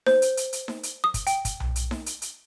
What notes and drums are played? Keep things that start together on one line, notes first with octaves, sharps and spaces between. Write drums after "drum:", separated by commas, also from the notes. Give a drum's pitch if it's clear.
C5, drum: snare D#4
drum: hi-hat
drum: hi-hat
drum: hi-hat
drum: snare D#4
drum: hi-hat
D#6
drum: kick, hi-hat
G5, drum: hi-hat
drum: kick, hi-hat
drum: tom B1
drum: hi-hat
drum: snare D#4
drum: hi-hat
drum: hi-hat